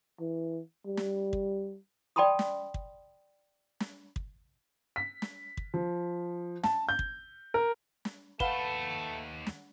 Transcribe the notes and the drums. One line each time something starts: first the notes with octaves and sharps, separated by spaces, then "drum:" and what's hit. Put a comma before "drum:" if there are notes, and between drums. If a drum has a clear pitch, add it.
E3
G3
drum: snare
drum: kick
D5 G5 A5 B5 C6 D#6
drum: snare
drum: kick
drum: snare
drum: kick
B6
drum: snare
drum: kick
F3
A5, drum: snare
G6
drum: kick
A#4
drum: snare
D#2 A3 B4 F5 F#5 A5 G7, drum: kick
drum: snare